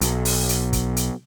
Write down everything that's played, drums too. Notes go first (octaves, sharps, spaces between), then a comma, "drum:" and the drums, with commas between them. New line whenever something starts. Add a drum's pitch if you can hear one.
B1, drum: hi-hat
drum: open hi-hat
drum: hi-hat
drum: kick, hi-hat
drum: hi-hat